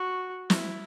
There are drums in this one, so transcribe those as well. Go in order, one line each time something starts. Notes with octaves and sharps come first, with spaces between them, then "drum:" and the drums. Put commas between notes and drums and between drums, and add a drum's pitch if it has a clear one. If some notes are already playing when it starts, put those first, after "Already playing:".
Already playing: F#4
E4, drum: snare